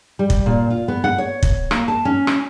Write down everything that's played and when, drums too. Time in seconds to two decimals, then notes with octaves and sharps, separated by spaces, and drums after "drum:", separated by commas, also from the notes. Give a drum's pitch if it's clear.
0.19 G3
0.30 drum: kick
0.46 A#2
0.71 F4
0.88 B3
1.04 F#5
1.18 C#5
1.43 drum: kick
1.71 A#3, drum: rim click
1.88 A5
2.05 C#4
2.27 drum: rim click